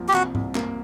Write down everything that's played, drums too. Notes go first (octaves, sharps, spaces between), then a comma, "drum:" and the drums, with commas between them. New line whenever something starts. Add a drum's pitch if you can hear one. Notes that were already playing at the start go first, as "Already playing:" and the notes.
Already playing: C2 F3 A#3
G4
C3 F#4, drum: clap
C2, drum: tom G#2
A#3, drum: clap